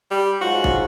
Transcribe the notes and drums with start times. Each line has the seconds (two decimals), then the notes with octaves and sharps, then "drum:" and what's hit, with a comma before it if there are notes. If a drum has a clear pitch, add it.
0.11 G3
0.41 G#2 F#3 F4 F#4
0.64 drum: kick